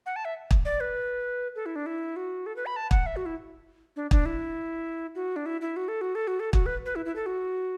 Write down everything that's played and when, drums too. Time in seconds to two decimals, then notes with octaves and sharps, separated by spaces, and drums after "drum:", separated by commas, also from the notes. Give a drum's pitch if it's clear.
0.06 F#5
0.16 A5
0.25 E5
0.51 drum: kick
0.65 D5
0.80 B4
1.56 A4
1.66 E4
1.76 D4
1.86 E4
2.16 F#4
2.46 A4
2.56 B4
2.66 B5
2.76 A5
2.91 F#5, drum: kick
3.06 E5
3.16 F#4
3.26 E4
3.96 D4
4.11 D4, drum: kick
4.26 E4
5.15 F#4
5.36 D4
5.46 E4
5.61 E4
5.76 F#4
5.88 A4
6.01 F#4
6.15 A4
6.27 F#4
6.40 A4
6.53 F#4, drum: kick
6.66 B4
6.86 B4
6.96 E4
7.06 E4
7.16 A4
7.26 F#4